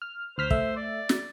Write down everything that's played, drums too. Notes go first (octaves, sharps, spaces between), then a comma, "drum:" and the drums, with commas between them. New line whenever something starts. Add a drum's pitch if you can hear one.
F6
D2 C5 F6 B6
A3 E5, drum: kick
D5
drum: snare